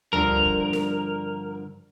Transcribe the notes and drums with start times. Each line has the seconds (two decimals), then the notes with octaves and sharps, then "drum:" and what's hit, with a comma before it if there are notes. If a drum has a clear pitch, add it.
0.13 G2 D3 F3 A#4, drum: tom D2
0.45 drum: kick
0.73 drum: snare